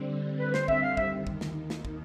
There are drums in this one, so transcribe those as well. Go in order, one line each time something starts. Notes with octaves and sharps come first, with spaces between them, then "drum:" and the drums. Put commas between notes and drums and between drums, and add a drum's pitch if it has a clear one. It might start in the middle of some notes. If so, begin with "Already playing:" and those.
Already playing: D3 G3 C4
B4
C5, drum: snare
E5, drum: kick
F5
D#2 D#3 E5, drum: kick
drum: kick
drum: snare
drum: snare
drum: kick